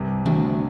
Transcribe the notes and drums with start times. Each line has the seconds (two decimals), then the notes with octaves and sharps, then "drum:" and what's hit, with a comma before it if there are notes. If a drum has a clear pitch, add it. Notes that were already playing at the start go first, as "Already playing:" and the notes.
Already playing: C2 G2 C3
0.26 D3 A3 D4 F#4, drum: tom D#3